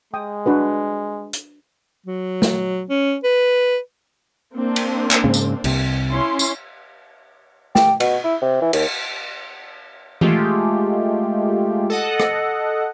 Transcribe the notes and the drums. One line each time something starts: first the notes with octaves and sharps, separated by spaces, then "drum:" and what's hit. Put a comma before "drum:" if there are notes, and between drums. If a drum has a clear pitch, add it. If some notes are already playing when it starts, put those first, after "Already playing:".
G#3 G5 D#6
D4 F#4 B4
drum: hi-hat
F#3
drum: snare
C#4
B4
A#3 C4 D4
drum: cymbal
drum: clap
G#2 C#3
drum: tambourine
C2 C3, drum: cymbal
C#4 E4 C6
drum: tambourine
G4, drum: snare
B2, drum: cymbal
E4
C3
E3
D#2, drum: cymbal
G#3 A3 F4 G4, drum: tom E3
A4 D#5 F#5
drum: rim click